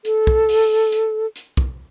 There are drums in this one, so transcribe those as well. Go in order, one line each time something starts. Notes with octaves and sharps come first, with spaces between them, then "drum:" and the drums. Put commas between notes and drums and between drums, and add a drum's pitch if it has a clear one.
A4, drum: hi-hat
drum: kick
drum: open hi-hat
drum: hi-hat
drum: hi-hat
drum: kick